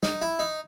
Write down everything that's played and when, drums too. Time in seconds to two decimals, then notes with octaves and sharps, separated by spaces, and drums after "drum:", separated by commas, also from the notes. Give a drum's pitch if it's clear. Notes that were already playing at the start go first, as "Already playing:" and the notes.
0.03 D#4, drum: snare
0.22 E4
0.39 D#4